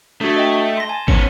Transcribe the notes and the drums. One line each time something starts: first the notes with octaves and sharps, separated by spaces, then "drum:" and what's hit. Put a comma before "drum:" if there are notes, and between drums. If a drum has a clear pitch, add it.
A3 D4 F#4
D#5 G5
C6 A#6
G#5 A5
B3 C#4 C#7, drum: kick